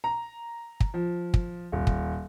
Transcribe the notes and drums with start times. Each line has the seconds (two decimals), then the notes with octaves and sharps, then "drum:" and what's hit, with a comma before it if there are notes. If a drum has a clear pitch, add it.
0.04 A#5
0.80 drum: kick
0.94 F3
1.34 drum: kick
1.72 D#1
1.87 drum: kick